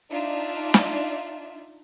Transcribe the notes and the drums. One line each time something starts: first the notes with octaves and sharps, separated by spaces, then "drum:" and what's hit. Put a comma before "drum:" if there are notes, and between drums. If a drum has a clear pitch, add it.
D4 D#4 F4 D5 E5
drum: snare